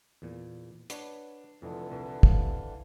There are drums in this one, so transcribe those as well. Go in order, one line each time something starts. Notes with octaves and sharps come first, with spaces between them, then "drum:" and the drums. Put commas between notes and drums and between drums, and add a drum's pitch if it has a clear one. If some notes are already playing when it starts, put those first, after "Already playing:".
E2 A#2
D4 B4 C#5 F#5, drum: hi-hat
F1 F2 D3 E3
C2
C3 F5, drum: kick